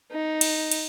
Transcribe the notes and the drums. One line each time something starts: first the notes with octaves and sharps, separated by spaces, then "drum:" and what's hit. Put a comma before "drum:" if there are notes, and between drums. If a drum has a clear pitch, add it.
D#4
drum: cymbal
drum: cymbal